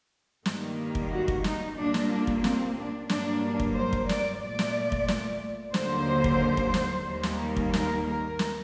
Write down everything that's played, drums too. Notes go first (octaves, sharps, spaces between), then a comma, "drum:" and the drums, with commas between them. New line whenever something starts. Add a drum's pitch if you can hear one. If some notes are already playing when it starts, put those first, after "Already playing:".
G2 D#3 G3 A#3, drum: snare
drum: kick
F#4
drum: kick
D#4, drum: snare
A#2 G3 A#3 D4
drum: snare
D4
drum: kick
C4, drum: snare
D4
G2 F#3 A#3 D4, drum: snare
drum: kick
C5
drum: kick
D5, drum: snare
A#2 A3 D5
drum: snare
drum: kick
drum: snare
D#2 D3 F#3 A#3 C5, drum: snare
drum: kick
drum: kick
drum: snare
D#2 D#3 G3 A#3
drum: snare
drum: kick
A#4, drum: snare
A#4
drum: snare